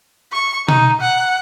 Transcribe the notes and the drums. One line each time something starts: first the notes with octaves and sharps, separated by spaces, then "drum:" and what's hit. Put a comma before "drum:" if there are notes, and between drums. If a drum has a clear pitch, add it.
C#6
D#4, drum: tom B2
F#5